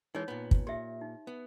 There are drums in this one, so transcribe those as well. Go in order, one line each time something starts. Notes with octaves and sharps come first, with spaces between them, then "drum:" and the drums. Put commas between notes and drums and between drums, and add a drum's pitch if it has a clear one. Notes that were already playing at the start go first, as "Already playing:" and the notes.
E3 G#3 D#4 C#5
A#2 B3
drum: kick
A#2 G4 E5
D#4
B3